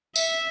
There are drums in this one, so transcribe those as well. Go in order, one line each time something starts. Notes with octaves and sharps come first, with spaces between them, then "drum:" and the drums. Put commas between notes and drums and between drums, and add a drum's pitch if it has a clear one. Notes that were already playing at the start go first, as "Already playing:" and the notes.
E5, drum: tambourine